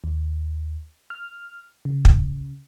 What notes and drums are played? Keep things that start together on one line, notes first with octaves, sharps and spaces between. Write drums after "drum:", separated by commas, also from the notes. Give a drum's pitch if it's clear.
D#2
F6
C#3
drum: kick